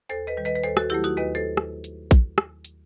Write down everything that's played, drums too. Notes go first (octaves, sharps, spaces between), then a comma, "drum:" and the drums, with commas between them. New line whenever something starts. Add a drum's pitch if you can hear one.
D#2 A4 C5
B4 D#5
D#3 G3
B4 D#5
B4
D#2 A4 C5
F#4 A4, drum: rim click
D#3 F#3 A3 E4 G4
D#4 F#4, drum: hi-hat
D#2 B4 D#5
A4 C5
drum: rim click
drum: hi-hat
drum: kick A#1, hi-hat
drum: rim click
drum: hi-hat